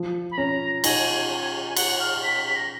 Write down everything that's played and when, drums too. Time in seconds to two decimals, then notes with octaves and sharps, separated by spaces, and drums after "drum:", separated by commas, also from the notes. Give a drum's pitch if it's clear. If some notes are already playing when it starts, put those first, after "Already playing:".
Already playing: F3
0.31 B5
0.38 C#4 A#5
0.84 D#4 G#5, drum: cymbal
1.69 G#5
1.76 F#5, drum: cymbal
2.00 F6
2.23 B6
2.46 B6
2.56 A#6